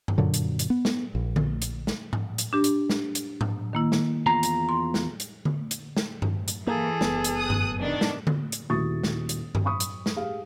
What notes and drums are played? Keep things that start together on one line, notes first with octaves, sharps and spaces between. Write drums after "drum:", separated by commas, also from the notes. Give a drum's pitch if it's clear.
drum: tom G2
F#2 A#2 D3 F#3
drum: hi-hat
drum: hi-hat
B3
drum: snare
A#1
drum: tom D3
drum: hi-hat
drum: snare
drum: tom G#2
drum: hi-hat
D4 G4
drum: hi-hat
drum: snare
drum: hi-hat
drum: tom G#2
D#3 A#3 E4
drum: snare
E2 F4 A#5
drum: hi-hat
C6
drum: snare
drum: hi-hat
drum: tom D3
drum: hi-hat
drum: snare
drum: tom G2
drum: hi-hat
E3 A#3 G#4 A4
F#1 B3, drum: snare
drum: hi-hat
D#6 F#6
drum: tom G2
B2 D#3 D4
drum: snare
drum: tom D3
drum: hi-hat
D#1 E4 F#4 C#6 D#6 A6
drum: snare
drum: hi-hat
drum: tom G2
B5 C#6 D#6
drum: hi-hat
drum: snare
G4 G#4 F5